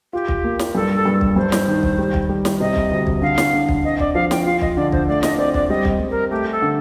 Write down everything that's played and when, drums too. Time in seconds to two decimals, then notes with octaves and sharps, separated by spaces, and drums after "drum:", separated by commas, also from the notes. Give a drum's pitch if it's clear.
0.13 F4 G4
0.28 drum: kick B1
0.44 A#3
0.59 drum: snare
0.75 G2 A4
0.96 A4
1.05 G2
1.21 drum: kick B1
1.36 G2 C5
1.52 drum: snare
1.68 D#3
1.83 drum: kick B1
1.99 G3
2.14 drum: kick B1
2.29 G3
2.45 drum: snare
2.60 C3 D#5
2.76 drum: kick B1
2.92 D2
3.07 drum: kick B1
3.22 D3 F5
3.38 drum: snare
3.53 D3
3.69 drum: kick B1
3.84 C4 D#5
4.00 D5, drum: kick B1
4.14 F3 F5
4.31 G5, drum: snare
4.46 F4 F5
4.61 D#5, drum: kick B1
4.76 D3 D5
4.92 C5, drum: kick B1
5.08 A3 D5
5.23 D#5, drum: snare
5.38 C4 D5
5.54 D5, drum: kick B1
5.69 G3 D#5
5.85 drum: kick B1
6.00 G3
6.10 A#4
6.31 A3 G4
6.52 A4
6.62 D3